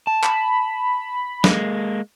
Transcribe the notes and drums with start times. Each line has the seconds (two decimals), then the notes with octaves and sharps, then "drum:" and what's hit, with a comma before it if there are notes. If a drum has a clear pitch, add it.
0.07 A5
0.23 B5, drum: clap
1.44 G#3 A#3, drum: snare